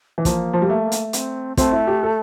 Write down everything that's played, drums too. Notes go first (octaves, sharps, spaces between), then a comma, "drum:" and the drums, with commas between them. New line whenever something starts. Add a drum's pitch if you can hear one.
E3
F3 A#3, drum: kick, hi-hat
F3
G3
A3
drum: hi-hat
C4, drum: hi-hat
A3 C4, drum: kick, hi-hat
E4
G4
A4